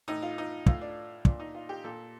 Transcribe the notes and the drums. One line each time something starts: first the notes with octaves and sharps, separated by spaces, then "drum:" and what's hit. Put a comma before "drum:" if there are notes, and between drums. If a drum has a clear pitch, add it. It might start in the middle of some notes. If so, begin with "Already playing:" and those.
A2 D#4
F4
D#4
A2 F4, drum: kick
D4
A#2 D4, drum: kick
D#4
F4
G4
A#2 A4